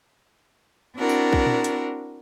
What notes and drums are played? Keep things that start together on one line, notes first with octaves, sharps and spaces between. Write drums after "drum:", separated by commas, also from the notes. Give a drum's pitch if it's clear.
C4 D4 E4 F#4 A#4
drum: tambourine
drum: kick
drum: tom A#2
drum: hi-hat